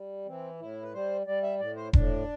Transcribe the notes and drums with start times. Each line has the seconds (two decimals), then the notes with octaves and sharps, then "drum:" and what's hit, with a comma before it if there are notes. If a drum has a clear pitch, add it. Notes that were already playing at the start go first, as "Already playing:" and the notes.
Already playing: G3
0.26 E3 C4
0.60 A2 E4
0.83 B4
0.93 G3 C5
1.27 G3 D5
1.43 E5
1.60 A2 D5
1.76 C5
1.93 A2 D4, drum: kick E1